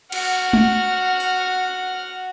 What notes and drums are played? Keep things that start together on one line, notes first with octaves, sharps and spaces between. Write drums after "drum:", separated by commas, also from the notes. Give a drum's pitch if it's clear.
F#4 F#5 F6, drum: cymbal
drum: tom G#3
drum: open hi-hat